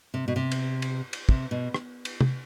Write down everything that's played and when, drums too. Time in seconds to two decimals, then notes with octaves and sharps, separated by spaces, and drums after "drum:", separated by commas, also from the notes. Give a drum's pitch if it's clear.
0.14 C3
0.28 B2
0.36 C3
0.52 drum: cymbal
0.82 drum: cymbal
1.13 drum: cymbal
1.29 C3, drum: kick
1.51 B2
1.74 drum: rim click
2.05 drum: cymbal
2.21 drum: tom